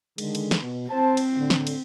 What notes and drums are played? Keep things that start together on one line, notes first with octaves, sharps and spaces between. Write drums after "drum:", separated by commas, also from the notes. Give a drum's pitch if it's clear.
D3 D#3 G#3, drum: cymbal
drum: cymbal
drum: snare
B2
C4 C5 A5
drum: cymbal
A2 D3
drum: snare
drum: cymbal